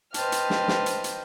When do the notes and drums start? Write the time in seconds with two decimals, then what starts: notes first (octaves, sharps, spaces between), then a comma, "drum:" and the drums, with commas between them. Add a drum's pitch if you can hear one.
0.14 B4 C5 D#5 G5 A5 F6, drum: hi-hat
0.32 drum: hi-hat
0.50 drum: snare
0.68 drum: snare
0.86 drum: hi-hat
1.04 drum: hi-hat